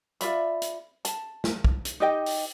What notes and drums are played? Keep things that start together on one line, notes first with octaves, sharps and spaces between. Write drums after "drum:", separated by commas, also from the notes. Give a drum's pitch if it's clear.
F4 D5 E5 B5, drum: hi-hat
drum: hi-hat
A5, drum: hi-hat
drum: snare
drum: kick
drum: hi-hat
D#4 G4 D#5 G5
drum: open hi-hat